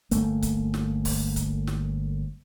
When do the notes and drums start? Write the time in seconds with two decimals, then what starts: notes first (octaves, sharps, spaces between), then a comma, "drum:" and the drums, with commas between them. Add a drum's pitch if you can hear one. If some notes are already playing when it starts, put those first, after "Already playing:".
0.11 G1 A3 A#3, drum: hi-hat
0.42 drum: kick C#1, hi-hat
0.74 drum: snare
1.05 drum: kick C#1, open hi-hat
1.36 drum: kick C#1, hi-hat
1.67 drum: snare